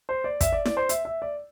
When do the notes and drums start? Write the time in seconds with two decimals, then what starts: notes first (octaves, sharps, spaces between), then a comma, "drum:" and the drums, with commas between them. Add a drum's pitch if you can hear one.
0.09 C5
0.24 D5
0.41 E5, drum: kick, hi-hat
0.52 D5
0.65 D5, drum: snare E4
0.77 C5
0.89 E5, drum: hi-hat
1.05 E5
1.22 D5